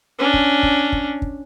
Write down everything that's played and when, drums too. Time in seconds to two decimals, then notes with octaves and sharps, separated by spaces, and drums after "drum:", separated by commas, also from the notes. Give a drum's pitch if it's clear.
0.19 C#4 D4
0.34 drum: kick
0.63 drum: kick
0.92 drum: kick
1.22 drum: kick